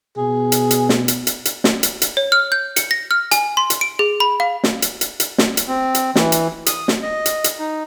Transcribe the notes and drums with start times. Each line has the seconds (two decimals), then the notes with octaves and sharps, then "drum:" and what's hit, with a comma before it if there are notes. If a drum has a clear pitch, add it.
0.17 B2 G#4
0.52 drum: hi-hat
0.71 drum: hi-hat
0.89 drum: snare
1.08 drum: hi-hat
1.27 drum: hi-hat
1.45 drum: hi-hat
1.64 drum: snare
1.83 drum: hi-hat
2.02 drum: hi-hat
2.17 C#5
2.32 F6
2.52 G6
2.76 C#7, drum: hi-hat
2.91 A#6
3.11 F6
3.31 G#5, drum: hi-hat
3.57 C6
3.70 drum: hi-hat
3.81 D7
3.99 G#4
4.20 B5
4.40 F5
4.64 drum: snare
4.82 drum: hi-hat
5.01 drum: hi-hat
5.20 drum: hi-hat
5.38 drum: snare
5.57 drum: hi-hat
5.68 C4
5.95 drum: hi-hat
6.16 E3, drum: snare
6.32 drum: hi-hat
6.66 D#6, drum: hi-hat
6.88 drum: snare
7.02 D#5
7.26 drum: hi-hat
7.44 drum: hi-hat
7.59 D#4